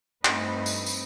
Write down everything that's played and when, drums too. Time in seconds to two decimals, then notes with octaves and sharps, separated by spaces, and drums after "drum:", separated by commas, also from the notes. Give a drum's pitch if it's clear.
0.25 G2 A3 C4 D#4 B4 D#5, drum: clap
0.66 drum: tambourine
0.86 drum: tambourine